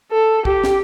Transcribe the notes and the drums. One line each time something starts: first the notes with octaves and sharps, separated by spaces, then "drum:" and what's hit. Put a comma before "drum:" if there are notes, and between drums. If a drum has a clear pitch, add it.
A4
G4, drum: kick
drum: snare